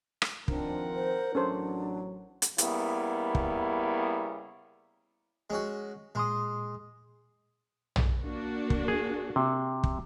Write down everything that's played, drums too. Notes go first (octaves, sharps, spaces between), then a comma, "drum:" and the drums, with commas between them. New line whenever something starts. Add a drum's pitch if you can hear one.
drum: rim click
D#3 F3 C4 D4 A#4 F#5, drum: kick
C5
A1 F#3 C#4 D4 A4 C5
drum: hi-hat
C#3 G3 A#3 B3 E4, drum: hi-hat
drum: kick
G#3 C#4 F#4
A#2 G#3 C6 D#6
drum: tom
A#3 D4 F#4
drum: kick
G#4
C3
drum: kick